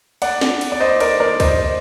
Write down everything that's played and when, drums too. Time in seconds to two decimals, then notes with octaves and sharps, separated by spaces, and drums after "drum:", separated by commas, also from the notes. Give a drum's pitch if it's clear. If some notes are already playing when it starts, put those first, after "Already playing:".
0.22 D5 F#5, drum: cymbal
0.41 drum: snare
0.61 drum: cymbal
0.72 D5
0.80 C5 D#5
1.00 A#4 D5, drum: cymbal
1.20 A#4 D5
1.40 C5 D#5, drum: kick C2, cymbal